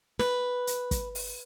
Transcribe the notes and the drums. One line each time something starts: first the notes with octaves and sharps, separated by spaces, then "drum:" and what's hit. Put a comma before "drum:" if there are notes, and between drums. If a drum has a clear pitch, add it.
B4, drum: snare
drum: hi-hat
drum: kick, hi-hat
drum: open hi-hat